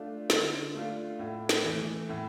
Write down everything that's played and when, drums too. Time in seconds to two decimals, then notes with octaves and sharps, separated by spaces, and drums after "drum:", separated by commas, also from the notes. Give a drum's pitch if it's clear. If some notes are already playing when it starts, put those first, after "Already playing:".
Already playing: A3 D4 F4
0.30 D3, drum: snare
0.74 A3 D4 F4
1.19 A2
1.49 drum: snare
1.65 E3 A3
2.09 A2